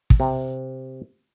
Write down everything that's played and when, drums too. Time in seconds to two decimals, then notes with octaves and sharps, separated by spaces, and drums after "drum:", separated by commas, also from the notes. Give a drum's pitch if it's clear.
0.10 drum: kick
0.20 C3